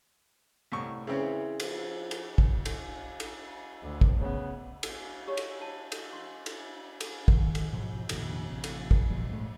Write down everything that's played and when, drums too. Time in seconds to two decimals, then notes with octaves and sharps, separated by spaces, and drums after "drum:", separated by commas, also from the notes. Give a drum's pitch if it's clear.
0.72 C2 A2 C#6
1.07 C#3 E3 C4 C#4
1.60 F3, drum: cymbal
2.11 drum: cymbal
2.38 drum: kick
2.65 drum: cymbal
3.20 drum: cymbal
3.82 D2
4.01 drum: kick
4.20 C#3 B3
4.83 drum: cymbal
5.27 G4 C#5
5.37 drum: cymbal
5.61 A5
5.92 drum: cymbal
6.13 C6
6.46 drum: cymbal
7.01 drum: cymbal
7.28 D#3, drum: kick
7.55 drum: cymbal
7.72 G#2 B2 F3 F#3
8.09 F1 A#1 D#2, drum: cymbal
8.50 A1 C3
8.64 drum: cymbal
8.91 drum: kick
9.10 E2 A#2 F3 G3
9.29 A#1 G#2 A3